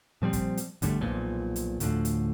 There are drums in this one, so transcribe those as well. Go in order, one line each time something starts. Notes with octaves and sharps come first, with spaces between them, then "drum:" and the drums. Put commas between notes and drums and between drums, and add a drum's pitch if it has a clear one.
A#2 F3 G3 C4
drum: kick, hi-hat
drum: hi-hat
E2 D3 G3 A3, drum: kick, hi-hat
B1 E2 A#2 F3
drum: hi-hat
D2 A2 D3 F3, drum: hi-hat
drum: hi-hat